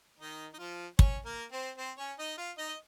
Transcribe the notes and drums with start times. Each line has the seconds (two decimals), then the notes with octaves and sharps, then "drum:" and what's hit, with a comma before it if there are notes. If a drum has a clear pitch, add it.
0.19 D#3 D#4
0.54 D#4
0.59 F3 F4
0.99 C#4 C#5, drum: kick
1.25 A#3 A#4
1.52 C4 C5
1.78 C4 C5
1.98 C#4 C#5
2.19 D#4 D#5
2.38 F4 F5
2.58 D#4 D#5
2.69 D#5